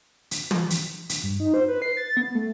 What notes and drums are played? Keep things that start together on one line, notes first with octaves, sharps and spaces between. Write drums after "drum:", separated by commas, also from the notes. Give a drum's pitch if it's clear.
drum: hi-hat
drum: tom
drum: hi-hat
drum: hi-hat
G2
D#4
C5
B4
C7
A6
B3
A3